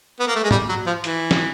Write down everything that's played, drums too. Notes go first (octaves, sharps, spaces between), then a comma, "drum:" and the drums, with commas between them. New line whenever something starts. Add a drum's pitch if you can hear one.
B3
A#3
A3
G#3
G3, drum: tom G#2
F#3
F3
E3, drum: hi-hat
drum: snare